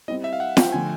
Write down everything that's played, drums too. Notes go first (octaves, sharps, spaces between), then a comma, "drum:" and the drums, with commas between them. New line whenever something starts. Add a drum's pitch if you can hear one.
G3 C4 E4 D#5
E5
F5
F#5
G5, drum: snare
D3 F3 A3 G#5